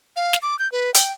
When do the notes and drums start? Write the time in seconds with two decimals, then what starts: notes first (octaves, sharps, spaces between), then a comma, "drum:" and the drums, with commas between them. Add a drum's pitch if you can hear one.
0.16 F5
0.33 drum: snare
0.42 D6
0.59 G6
0.72 B4
0.94 G5, drum: hi-hat